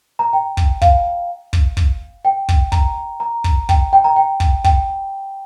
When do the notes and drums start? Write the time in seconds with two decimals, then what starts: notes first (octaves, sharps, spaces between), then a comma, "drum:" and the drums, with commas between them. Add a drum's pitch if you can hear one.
0.19 A#5
0.33 G5
0.57 drum: kick
0.82 F5, drum: kick
1.53 drum: kick
1.77 drum: kick
2.25 G5
2.49 drum: kick
2.72 A#5, drum: kick
3.20 A#5
3.44 drum: kick
3.69 G5, drum: kick
3.93 G5
4.04 A#5
4.16 G5
4.40 drum: kick
4.64 G5, drum: kick